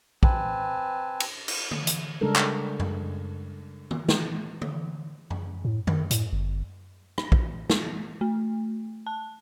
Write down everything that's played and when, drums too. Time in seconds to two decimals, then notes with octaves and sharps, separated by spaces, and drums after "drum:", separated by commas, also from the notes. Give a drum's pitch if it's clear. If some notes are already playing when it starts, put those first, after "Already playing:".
0.23 C4 B4 G#5 A5, drum: kick
1.20 drum: cymbal
1.48 drum: cymbal
1.71 drum: tom D3
1.87 drum: hi-hat
2.21 C#3 G3 G#3 D4 A4 A#4
2.36 drum: clap
2.80 drum: tom F#2
3.91 drum: tom D#3
4.09 drum: snare
4.62 drum: tom D3
5.30 drum: tom F#2
5.65 A2
5.87 D#3, drum: tom F#2
6.11 A2, drum: hi-hat
6.33 G1
7.18 drum: rim click
7.32 drum: kick
7.70 drum: snare
8.21 A3
9.07 A5